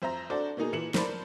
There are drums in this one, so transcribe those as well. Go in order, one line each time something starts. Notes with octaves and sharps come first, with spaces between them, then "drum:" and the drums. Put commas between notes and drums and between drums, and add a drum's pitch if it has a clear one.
F2 C5 E5 A#5 A#6
D4 F#4 A4 C5 D5
B2 A#3 D#4 G#4
A#2 E3 C#7 E7 F#7
A#4 C5 D5 A5 B5 C6, drum: snare